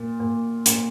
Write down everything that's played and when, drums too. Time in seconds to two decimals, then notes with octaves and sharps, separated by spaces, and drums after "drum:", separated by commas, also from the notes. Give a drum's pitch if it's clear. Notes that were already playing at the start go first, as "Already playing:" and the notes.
Already playing: A#2
0.20 A#2
0.66 A#2, drum: hi-hat